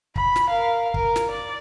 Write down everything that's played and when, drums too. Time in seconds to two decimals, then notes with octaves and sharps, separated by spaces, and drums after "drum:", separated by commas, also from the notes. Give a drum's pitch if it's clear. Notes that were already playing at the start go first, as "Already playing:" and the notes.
0.16 B5, drum: kick
0.36 drum: snare
0.49 A#4 F5
0.94 A#4, drum: kick
1.16 drum: snare
1.30 D5